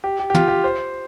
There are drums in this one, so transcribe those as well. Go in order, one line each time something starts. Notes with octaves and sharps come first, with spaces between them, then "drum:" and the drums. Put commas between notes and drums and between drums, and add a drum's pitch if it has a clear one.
G4
G4
G4
F4, drum: tom
G4
C5